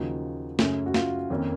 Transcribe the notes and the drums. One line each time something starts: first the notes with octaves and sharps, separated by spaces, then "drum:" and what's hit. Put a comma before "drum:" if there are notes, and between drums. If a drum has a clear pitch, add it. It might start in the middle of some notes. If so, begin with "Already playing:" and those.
Already playing: D#2 C#3 F3 D#4 F#4
F#2 C#3 A3 C#4, drum: snare
F#4
F4, drum: snare
F2 D#3 A#3 C#4